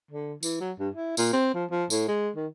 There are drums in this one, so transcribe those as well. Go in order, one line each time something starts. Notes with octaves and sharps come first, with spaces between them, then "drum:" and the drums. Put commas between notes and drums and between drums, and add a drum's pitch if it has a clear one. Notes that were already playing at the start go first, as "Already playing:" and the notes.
D3
E3, drum: tambourine
F#3
G2
E4
A#2, drum: tambourine
C4
F3
F3
A2, drum: tambourine
G#3
D#3